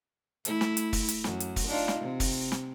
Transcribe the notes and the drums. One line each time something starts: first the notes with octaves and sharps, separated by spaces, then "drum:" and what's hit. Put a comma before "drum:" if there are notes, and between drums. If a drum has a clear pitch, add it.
A3 E4, drum: hi-hat
drum: snare
drum: hi-hat
drum: kick, open hi-hat
drum: hi-hat
F#2, drum: snare
drum: hi-hat
drum: kick, open hi-hat
D4 D#4 F4
drum: snare
C3
drum: kick, open hi-hat
drum: snare